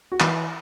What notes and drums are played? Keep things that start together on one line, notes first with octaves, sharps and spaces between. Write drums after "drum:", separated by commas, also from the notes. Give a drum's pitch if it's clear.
F#4
E3 E4, drum: clap